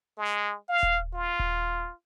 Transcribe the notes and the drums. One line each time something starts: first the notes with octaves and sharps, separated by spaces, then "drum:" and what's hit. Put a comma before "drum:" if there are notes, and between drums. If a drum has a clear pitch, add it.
G#3
F5
drum: kick D#1
F4
drum: kick D#1